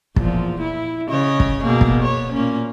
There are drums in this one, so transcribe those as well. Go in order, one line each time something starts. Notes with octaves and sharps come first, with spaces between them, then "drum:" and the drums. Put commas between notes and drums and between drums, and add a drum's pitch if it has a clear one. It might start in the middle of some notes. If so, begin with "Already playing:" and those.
E2 A#2 F3, drum: kick
E4
C#3 C#5 D#5
drum: kick
B2 A#3 G#4
drum: kick
B3 C#5
A#2 A#3 C#4